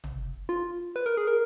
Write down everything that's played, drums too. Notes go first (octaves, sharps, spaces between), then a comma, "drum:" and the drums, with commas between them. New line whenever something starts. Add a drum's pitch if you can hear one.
drum: tom
F4
B4
A#4
G#4
A#4